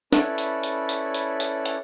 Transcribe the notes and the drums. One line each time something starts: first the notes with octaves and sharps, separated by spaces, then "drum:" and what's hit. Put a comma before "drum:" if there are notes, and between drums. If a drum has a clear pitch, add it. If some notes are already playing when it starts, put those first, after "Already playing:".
C#4 E4 A4 B4 C#5 D5, drum: snare
drum: hi-hat
drum: hi-hat
drum: hi-hat
drum: hi-hat
drum: hi-hat
drum: hi-hat